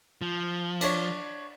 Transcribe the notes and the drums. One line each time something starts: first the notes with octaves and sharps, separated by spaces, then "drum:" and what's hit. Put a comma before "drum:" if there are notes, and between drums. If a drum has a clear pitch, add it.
F3
D4 C#5, drum: cymbal